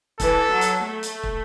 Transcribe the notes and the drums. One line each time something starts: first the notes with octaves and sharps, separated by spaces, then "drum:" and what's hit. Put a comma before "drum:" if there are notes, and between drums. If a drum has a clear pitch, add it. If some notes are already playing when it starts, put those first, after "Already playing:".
E3 A4, drum: kick, hi-hat
F#3
drum: hi-hat
A3
drum: hi-hat
drum: kick